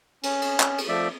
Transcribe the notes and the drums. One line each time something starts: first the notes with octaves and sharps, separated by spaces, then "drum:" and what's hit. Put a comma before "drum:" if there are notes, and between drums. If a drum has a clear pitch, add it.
C#4, drum: cymbal
drum: cymbal
drum: clap
drum: cymbal
F3 A3 D5 E5